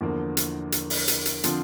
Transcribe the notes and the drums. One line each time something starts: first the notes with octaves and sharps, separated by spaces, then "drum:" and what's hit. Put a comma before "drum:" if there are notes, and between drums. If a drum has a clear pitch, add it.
E2 D3 F3 A#3
drum: hi-hat
drum: hi-hat
drum: open hi-hat
drum: hi-hat
drum: hi-hat
D3 F3 C4 F4, drum: hi-hat